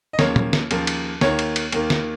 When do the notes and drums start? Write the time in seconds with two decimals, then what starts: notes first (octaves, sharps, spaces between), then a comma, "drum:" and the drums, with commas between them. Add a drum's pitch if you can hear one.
0.13 D#5
0.19 D#2 C#3 F3 A#3 C#5, drum: snare
0.36 drum: tom
0.53 drum: snare
0.71 D#2 C#3 F3 A#3, drum: cymbal
0.87 drum: cymbal
1.21 D#2 D#3 A#3 C#5, drum: snare
1.39 drum: cymbal
1.56 drum: cymbal
1.72 D#2 D#3 A#3, drum: cymbal
1.90 drum: snare